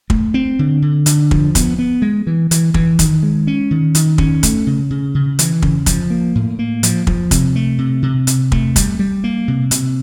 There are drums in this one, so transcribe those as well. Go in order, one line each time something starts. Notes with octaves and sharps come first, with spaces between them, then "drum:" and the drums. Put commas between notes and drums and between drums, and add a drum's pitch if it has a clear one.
A3, drum: kick
C4
D3
D3
D3, drum: hi-hat
F3, drum: kick
B3, drum: kick, hi-hat
B3
G#3
E3
E3, drum: hi-hat
E3, drum: kick
D#3, drum: kick, hi-hat
G#3
C#4
D#3
D#3, drum: hi-hat
C#4, drum: kick
A3, drum: kick, hi-hat
C#3
C#3
C#3
E3, drum: hi-hat
C#3, drum: kick
F3, drum: kick, hi-hat
A#3
A2
A#3
F3, drum: hi-hat
F3, drum: kick
C3, drum: kick, hi-hat
A3
C3
C3
C3, drum: hi-hat
A3, drum: kick
G3, drum: kick, hi-hat
G3
A#3
C3
C3, drum: hi-hat